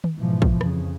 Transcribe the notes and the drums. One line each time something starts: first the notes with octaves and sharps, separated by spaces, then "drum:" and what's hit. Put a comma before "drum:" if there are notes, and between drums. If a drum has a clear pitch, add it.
drum: tom D#3
G#2 B2 E3 F3
drum: kick
F2 C#3, drum: rim click